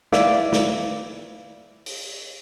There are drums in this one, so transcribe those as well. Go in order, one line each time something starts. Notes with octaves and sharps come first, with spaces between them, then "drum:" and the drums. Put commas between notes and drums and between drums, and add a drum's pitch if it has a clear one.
E4 B4 D5 F5, drum: snare
drum: snare
drum: open hi-hat